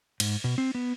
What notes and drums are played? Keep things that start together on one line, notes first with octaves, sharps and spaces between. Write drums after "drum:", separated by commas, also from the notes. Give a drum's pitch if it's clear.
G#2, drum: cymbal
B2
C4
B3